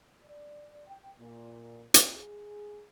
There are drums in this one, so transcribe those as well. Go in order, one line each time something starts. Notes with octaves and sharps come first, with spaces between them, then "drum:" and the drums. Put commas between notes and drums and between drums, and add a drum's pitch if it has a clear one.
D5
G5
A#2
drum: hi-hat
G#4